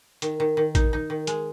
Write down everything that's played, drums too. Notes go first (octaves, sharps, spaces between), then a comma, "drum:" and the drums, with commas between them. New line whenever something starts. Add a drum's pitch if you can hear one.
D#3, drum: hi-hat
D#3
D#3
D#4, drum: kick, hi-hat
D#4
D#3
G#3, drum: hi-hat